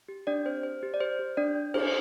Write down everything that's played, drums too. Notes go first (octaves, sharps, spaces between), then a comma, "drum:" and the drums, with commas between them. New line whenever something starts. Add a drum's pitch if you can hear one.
G4
D4 G4 D5
C4 C5
G4 C5
G4
D5
G4 C5
G4
D4 D5
D4
A4 C5, drum: cymbal